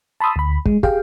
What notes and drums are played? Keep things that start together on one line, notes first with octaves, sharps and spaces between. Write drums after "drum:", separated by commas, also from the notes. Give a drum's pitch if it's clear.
A5 B5 C6 D#6 E6
D2 B5
G#3, drum: kick
G4 G#4 F5 G5, drum: kick